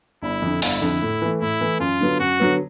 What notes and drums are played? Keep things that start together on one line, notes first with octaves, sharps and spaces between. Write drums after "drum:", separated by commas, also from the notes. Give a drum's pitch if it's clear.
G1 E4
F2 D3
G1 E4, drum: open hi-hat
F2 D3
A2
E3 A3
A2 E4
E3 A3
F#2 F4
D3 F#3 B3
F#2 F#4
D3 F#3 B3